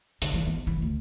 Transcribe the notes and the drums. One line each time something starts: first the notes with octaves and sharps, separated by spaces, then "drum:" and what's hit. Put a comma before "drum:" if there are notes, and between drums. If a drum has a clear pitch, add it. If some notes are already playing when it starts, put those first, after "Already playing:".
D3, drum: hi-hat
E3
B3
E3
D2